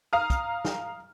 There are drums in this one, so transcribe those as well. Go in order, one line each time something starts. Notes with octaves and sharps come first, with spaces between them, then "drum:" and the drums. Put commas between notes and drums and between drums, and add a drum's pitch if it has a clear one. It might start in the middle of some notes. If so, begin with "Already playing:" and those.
F5 A#5 D#6 F6
drum: kick, hi-hat
drum: snare